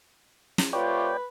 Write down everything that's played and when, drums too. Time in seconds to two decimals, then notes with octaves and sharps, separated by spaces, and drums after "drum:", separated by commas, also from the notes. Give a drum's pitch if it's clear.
0.58 drum: snare
0.73 C3 A3 F4 B4 C#5 D5 G5